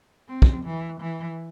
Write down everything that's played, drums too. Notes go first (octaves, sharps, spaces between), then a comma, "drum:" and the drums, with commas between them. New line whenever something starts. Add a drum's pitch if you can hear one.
C4
drum: kick
E3
E3